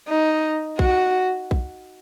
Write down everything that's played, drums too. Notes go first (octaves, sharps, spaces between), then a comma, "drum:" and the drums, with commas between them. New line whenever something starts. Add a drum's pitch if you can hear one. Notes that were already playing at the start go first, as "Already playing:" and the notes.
D#4
F#4, drum: kick A#1
drum: kick A#1